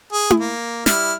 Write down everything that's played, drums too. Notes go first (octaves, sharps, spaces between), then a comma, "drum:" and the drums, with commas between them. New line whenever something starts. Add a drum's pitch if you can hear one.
G#4
drum: tom E4
A#3
G3 E4 F6, drum: snare